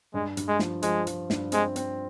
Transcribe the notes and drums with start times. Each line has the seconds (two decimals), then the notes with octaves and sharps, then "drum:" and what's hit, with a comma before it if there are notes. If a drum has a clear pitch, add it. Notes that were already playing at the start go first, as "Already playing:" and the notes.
0.14 G2 G#3
0.37 G2, drum: hi-hat
0.48 G#3
0.59 F3, drum: snare
0.82 F3 G#3, drum: hi-hat
1.07 F3, drum: hi-hat
1.30 G2, drum: snare
1.52 G#3 C4, drum: hi-hat
1.76 C4, drum: hi-hat